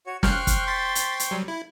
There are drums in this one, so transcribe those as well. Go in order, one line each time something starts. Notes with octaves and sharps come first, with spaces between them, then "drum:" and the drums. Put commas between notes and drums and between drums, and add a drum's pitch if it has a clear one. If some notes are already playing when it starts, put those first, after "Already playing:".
F#4 C#5
C5 G5 C#6 F6 F#6, drum: snare
drum: kick, hi-hat
C6 A6 B6
drum: hi-hat
drum: hi-hat
F#3 G3
E4